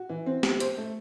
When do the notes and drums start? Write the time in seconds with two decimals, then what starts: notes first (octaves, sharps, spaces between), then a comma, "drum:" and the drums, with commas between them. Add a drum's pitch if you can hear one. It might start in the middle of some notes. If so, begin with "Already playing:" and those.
Already playing: F#4
0.09 E3
0.26 C4
0.43 G4, drum: snare
0.60 C5, drum: hi-hat
0.78 A3